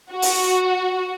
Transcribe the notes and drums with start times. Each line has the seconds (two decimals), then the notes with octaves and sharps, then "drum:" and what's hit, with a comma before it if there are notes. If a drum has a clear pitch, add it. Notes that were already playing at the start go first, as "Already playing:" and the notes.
0.12 F#4
0.22 drum: open hi-hat